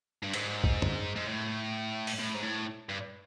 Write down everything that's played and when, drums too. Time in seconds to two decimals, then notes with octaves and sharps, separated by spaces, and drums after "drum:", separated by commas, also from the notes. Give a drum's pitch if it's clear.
0.23 G2
0.34 G#2, drum: cymbal
0.64 drum: kick A#1
0.82 drum: tom F#2
1.15 G#2
1.27 A2
2.07 drum: open hi-hat
2.19 A2
2.34 G#2
2.42 A2
2.89 G2